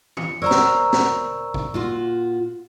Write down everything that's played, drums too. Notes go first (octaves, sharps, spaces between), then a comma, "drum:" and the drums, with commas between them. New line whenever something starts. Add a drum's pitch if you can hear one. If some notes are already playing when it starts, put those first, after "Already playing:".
C#7, drum: tom
A#4 C5 D5 A#5 C#6 E6
drum: snare
drum: snare
drum: kick
A#2 F4 F#4